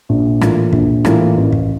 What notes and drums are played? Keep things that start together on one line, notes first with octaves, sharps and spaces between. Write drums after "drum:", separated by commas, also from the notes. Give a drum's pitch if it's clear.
A#1
A2 E3 A#3 F4, drum: rim click
A#1, drum: kick
A2 E3 A#3 F4, drum: rim click
A1
drum: kick